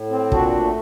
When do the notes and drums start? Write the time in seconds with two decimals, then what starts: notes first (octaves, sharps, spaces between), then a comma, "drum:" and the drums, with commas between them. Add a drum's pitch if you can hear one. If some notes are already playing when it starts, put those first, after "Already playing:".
Already playing: A2
0.10 C4
0.32 A#2 D4 F#4, drum: kick
0.54 A3